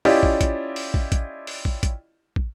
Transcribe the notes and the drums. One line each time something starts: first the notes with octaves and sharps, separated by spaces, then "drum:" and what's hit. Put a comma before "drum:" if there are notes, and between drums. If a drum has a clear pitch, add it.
C#4 E4 F4 G4 D5 D#5, drum: open hi-hat
drum: kick
drum: kick, hi-hat
drum: open hi-hat
drum: kick
drum: kick, hi-hat
drum: open hi-hat
drum: kick
drum: kick, hi-hat
drum: kick